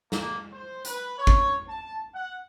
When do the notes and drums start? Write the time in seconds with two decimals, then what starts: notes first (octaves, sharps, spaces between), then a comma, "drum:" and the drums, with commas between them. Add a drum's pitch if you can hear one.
0.12 A#3, drum: snare
0.53 C5
0.85 B4, drum: hi-hat
1.18 C#5
1.27 drum: kick
1.69 A5
2.15 F#5